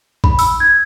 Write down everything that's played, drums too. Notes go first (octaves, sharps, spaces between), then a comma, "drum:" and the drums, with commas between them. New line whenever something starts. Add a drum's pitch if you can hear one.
B5, drum: kick A1
E6, drum: open hi-hat
G#6